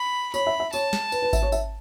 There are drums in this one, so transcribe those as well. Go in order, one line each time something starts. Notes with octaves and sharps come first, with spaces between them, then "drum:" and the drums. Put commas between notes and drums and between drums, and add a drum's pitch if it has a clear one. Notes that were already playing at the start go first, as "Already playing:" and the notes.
Already playing: B5
C#5 B5, drum: tambourine
E5
E5
C#5 A5, drum: tambourine
drum: snare
B4, drum: tambourine
B4
E5, drum: kick G#1, tambourine
C#5
E5, drum: tambourine